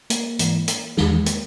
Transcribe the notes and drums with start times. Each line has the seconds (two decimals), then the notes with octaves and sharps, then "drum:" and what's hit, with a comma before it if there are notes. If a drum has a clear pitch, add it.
0.10 A#3, drum: hi-hat
0.39 G#2 E3, drum: hi-hat
0.68 drum: hi-hat
0.97 E2 D#3 G#3, drum: snare
1.26 A#3, drum: hi-hat